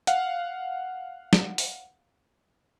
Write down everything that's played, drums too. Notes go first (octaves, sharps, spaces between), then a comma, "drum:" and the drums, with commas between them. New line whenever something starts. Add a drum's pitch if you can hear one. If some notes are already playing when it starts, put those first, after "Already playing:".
F5 F#5, drum: hi-hat
drum: snare
drum: open hi-hat